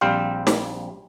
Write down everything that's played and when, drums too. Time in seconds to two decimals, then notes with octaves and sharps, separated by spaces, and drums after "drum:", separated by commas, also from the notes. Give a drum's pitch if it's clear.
0.01 A#1 G3 C4 C5 F5
0.47 drum: snare